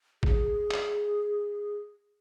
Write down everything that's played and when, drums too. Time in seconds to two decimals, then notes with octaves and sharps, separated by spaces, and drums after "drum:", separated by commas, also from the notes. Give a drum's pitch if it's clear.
0.23 G#4, drum: kick G#1
0.71 drum: clap